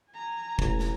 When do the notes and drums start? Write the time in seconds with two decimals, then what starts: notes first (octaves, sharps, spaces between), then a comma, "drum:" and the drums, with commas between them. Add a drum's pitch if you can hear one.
0.10 G#5 A#5
0.59 E1 A1, drum: kick
0.79 drum: snare